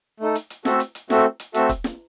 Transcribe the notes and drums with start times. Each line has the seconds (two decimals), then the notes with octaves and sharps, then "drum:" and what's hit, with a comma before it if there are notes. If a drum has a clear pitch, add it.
0.20 A3 D#4 A4
0.35 drum: hi-hat
0.50 drum: hi-hat
0.65 A3 C4 F#4 A4 E5, drum: snare
0.80 drum: hi-hat
0.95 drum: hi-hat
1.10 A3 C4 F#4 A4 E5, drum: snare
1.40 drum: hi-hat
1.54 A3 C4 F#4 A4 E5, drum: hi-hat
1.69 drum: kick, hi-hat
1.84 drum: snare